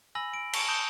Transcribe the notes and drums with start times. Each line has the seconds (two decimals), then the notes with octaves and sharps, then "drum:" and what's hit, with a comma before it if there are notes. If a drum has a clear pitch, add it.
0.15 G#5 B5 E6 A#6 F#7
0.34 D7
0.53 A5 C#6 D7, drum: cymbal
0.68 A5 D#6 G6 D7 E7 G7